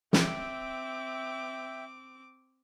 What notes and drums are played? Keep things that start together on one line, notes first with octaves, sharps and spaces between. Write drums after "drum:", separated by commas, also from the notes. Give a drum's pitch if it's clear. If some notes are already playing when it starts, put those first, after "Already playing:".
C4 E5 G5 D6, drum: snare